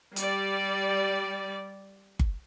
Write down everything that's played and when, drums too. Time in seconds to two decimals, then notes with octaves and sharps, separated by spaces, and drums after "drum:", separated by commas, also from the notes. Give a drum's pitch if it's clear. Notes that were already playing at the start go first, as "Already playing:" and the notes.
0.16 G3 D5, drum: hi-hat
2.19 drum: kick G1